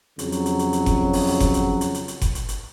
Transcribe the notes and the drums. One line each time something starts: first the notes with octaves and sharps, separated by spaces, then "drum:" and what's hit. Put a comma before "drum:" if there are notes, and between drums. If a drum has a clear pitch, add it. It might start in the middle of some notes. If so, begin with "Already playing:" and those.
F2 C#3 F#3, drum: hi-hat
drum: hi-hat
drum: hi-hat
drum: hi-hat
drum: hi-hat
drum: kick F#1, hi-hat
drum: open hi-hat
drum: open hi-hat
drum: kick F#1, hi-hat
drum: hi-hat
drum: hi-hat
drum: hi-hat
drum: hi-hat
drum: kick F#1, hi-hat
drum: hi-hat
drum: hi-hat